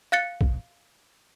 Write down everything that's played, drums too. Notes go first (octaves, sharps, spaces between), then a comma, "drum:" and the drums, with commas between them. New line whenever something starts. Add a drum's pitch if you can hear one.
F5 F#6 A6 C#7
drum: kick